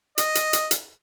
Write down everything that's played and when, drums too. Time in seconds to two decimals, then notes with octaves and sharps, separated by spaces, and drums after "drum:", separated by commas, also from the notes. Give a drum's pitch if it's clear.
0.18 D#5, drum: hi-hat
0.35 drum: hi-hat
0.53 drum: hi-hat
0.71 drum: hi-hat